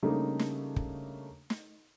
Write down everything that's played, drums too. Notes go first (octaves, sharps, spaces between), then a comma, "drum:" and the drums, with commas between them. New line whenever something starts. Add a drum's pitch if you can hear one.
C#3 G3 A3 A#3 D4 D#4
drum: snare
drum: kick
drum: snare